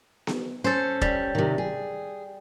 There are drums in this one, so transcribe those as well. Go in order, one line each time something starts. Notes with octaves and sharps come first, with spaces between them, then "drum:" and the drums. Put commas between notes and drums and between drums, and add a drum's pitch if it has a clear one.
drum: snare B3
C#4 A4 C5
G3, drum: kick
C3 D#3
G#4